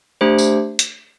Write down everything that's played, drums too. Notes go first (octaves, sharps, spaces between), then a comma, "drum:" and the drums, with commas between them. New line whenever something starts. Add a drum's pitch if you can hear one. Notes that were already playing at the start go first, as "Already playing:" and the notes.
A3 D4 G4 C5
drum: tambourine
drum: hi-hat